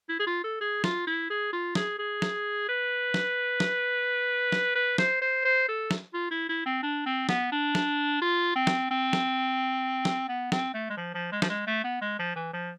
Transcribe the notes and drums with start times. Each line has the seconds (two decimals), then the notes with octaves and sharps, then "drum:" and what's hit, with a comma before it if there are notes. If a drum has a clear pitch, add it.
0.09 E4
0.19 G#4
0.27 F4
0.44 A4
0.61 G#4
0.84 F4, drum: snare
1.07 E4
1.30 G#4
1.53 F4
1.75 G#4, drum: snare
1.98 G#4
2.22 drum: snare
2.68 B4
3.14 drum: snare
3.60 drum: snare
4.52 drum: snare
4.75 B4
4.98 C5, drum: snare
5.21 C5
5.45 C5
5.68 A4
5.91 drum: snare
6.14 F4
6.31 E4
6.49 E4
6.65 C4
6.83 D4
7.06 C4
7.29 B3, drum: snare
7.52 D4
7.75 drum: snare
8.21 F4
8.55 C4
8.67 drum: snare
8.91 C4
9.13 drum: snare
10.05 drum: snare
10.28 B3
10.52 C4, drum: snare
10.74 A3
10.90 G#3
10.97 F3
11.14 F3
11.32 G#3
11.42 F3, drum: snare
11.49 G#3
11.67 A3
11.84 B3
12.01 G#3
12.19 F3
12.36 E3
12.53 F3